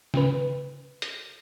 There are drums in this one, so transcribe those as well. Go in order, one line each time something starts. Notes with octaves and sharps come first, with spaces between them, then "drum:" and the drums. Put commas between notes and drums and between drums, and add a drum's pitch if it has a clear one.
C#3 B4, drum: snare
drum: hi-hat